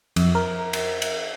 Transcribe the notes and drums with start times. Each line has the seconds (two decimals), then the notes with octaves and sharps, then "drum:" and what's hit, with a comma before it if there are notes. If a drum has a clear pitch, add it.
0.16 F2, drum: cymbal
0.35 A#4
0.73 drum: cymbal
1.02 drum: cymbal